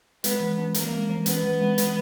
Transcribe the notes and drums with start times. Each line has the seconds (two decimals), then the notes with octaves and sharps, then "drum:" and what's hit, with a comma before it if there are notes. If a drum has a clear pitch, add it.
0.24 G#3 B3, drum: hi-hat
0.40 E3
0.57 C#4
0.74 E3 A#3, drum: hi-hat
0.92 G#3
1.09 E3
1.26 B3 C#4, drum: hi-hat
1.44 E3
1.61 G#3
1.78 E3, drum: hi-hat